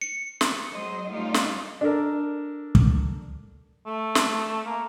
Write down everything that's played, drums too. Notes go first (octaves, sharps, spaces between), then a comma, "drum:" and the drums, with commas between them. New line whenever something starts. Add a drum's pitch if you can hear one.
C#7
drum: snare
F#3 G#3 C5 D#5
G3 A3 C#4 D#4 F4
drum: snare
D4 A4 A#4
drum: kick
A3
drum: snare
A#3